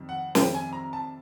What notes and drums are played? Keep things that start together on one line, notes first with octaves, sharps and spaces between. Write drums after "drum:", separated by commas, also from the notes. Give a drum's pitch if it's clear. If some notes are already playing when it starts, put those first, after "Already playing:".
Already playing: F2 C3 D#3 G3
F#5
F2 C3 D#3 G3 G5, drum: snare
G#5
A#5
A5